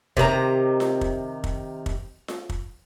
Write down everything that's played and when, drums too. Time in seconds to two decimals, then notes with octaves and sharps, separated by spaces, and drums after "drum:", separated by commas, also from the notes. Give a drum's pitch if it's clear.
0.17 C3 D#3 B4 A#5, drum: kick
0.80 drum: snare F4
1.01 drum: kick
1.44 drum: kick
1.86 drum: kick
2.28 drum: snare F4
2.49 drum: kick